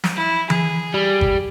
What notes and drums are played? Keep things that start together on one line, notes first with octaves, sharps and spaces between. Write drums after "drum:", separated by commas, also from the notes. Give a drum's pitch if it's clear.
drum: snare
E4
G#4, drum: tom E3
G3
drum: kick G1